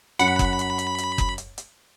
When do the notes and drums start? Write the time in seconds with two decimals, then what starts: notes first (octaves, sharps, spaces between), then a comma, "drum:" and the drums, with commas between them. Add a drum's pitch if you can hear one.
0.19 F#2 F#5 B5, drum: hi-hat
0.39 drum: kick F#1, hi-hat
0.59 drum: hi-hat
0.79 drum: hi-hat
0.98 drum: hi-hat
1.18 drum: kick F#1, hi-hat
1.38 drum: hi-hat
1.58 drum: hi-hat